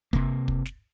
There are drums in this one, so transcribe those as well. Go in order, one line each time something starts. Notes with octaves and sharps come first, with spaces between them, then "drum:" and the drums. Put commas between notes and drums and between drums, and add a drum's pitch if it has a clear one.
C3 A#3, drum: kick
drum: kick
drum: snare